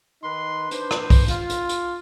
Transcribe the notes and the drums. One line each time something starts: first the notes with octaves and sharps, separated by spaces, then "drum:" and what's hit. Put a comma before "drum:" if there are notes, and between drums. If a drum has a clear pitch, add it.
D#3 D#4 B4 C6
D4 B4 C5, drum: hi-hat
drum: rim click
drum: kick B1, open hi-hat
F4, drum: hi-hat
drum: hi-hat
drum: hi-hat